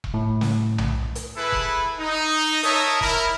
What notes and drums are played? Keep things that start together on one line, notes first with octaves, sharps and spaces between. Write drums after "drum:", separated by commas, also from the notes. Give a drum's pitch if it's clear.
drum: kick E1
A2
drum: snare
drum: tom B1
drum: hi-hat
E4 G#4 A4 B4
drum: kick E1
D#4
A#4 C#5 D#5 E5 A5, drum: hi-hat
E4 A#4, drum: kick E1